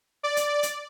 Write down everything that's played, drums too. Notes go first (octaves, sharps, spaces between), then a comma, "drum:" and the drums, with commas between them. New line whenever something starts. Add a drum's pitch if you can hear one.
D5
drum: hi-hat
drum: hi-hat